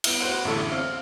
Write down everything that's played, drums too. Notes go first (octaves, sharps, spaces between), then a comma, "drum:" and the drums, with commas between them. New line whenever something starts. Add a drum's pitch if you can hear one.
B3 E4, drum: cymbal
F#4 B4 C5 F#5
A1 D3 E4 A4 C#6
C4 F5